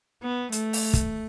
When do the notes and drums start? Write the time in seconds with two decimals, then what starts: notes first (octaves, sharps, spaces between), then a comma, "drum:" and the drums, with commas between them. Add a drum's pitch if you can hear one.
0.22 B3
0.52 A3, drum: hi-hat
0.73 drum: open hi-hat
0.93 drum: kick, hi-hat